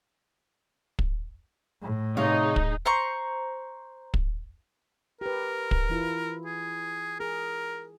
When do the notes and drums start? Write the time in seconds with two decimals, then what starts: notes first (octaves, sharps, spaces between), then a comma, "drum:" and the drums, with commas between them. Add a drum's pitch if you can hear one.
0.99 drum: kick
1.83 A2
2.17 C3 D#4 G#4 C#5 F5
2.56 drum: kick
2.86 C5 A#5 C#6
4.14 drum: kick
5.21 G4 A#4 B4
5.71 drum: kick
5.89 E3 E4 F4
6.45 G#4
7.20 G#4 A#4